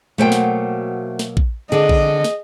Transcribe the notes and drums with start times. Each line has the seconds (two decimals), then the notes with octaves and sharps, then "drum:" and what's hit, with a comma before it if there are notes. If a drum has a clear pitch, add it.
0.18 B2 F#3 A3 A#3 C5 G5
0.32 drum: snare
1.19 drum: snare
1.37 drum: kick
1.72 D3 D4 G#4 D#5
1.89 drum: kick
2.24 drum: snare